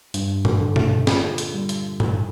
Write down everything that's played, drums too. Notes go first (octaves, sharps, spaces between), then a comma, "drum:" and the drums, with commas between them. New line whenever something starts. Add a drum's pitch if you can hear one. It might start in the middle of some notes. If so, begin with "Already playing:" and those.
G2, drum: hi-hat
drum: tom G#2
D3
drum: tom B2
A#2, drum: snare
drum: hi-hat
G3
drum: hi-hat
G2, drum: tom G#2